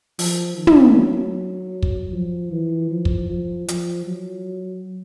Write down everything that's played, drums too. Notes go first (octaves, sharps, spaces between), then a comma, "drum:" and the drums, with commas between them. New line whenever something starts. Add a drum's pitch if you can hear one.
F3, drum: open hi-hat
D#3
drum: tom
F#3
drum: kick
F3
E3
F3
drum: kick
F3
F3, drum: hi-hat
F#3